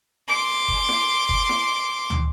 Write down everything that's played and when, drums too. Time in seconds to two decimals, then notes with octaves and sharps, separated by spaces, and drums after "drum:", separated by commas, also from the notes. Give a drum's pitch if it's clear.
0.28 C6 D6
0.68 drum: kick F#1
0.89 drum: snare E4
1.29 drum: kick F#1
1.49 drum: snare E4
2.10 drum: tom